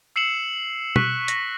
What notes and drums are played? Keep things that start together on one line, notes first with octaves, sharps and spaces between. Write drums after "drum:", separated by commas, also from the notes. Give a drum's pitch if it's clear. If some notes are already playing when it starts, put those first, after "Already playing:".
E6 C7 C#7 E7 F#7
C#6 F#6 B6, drum: tom B2
A#6, drum: hi-hat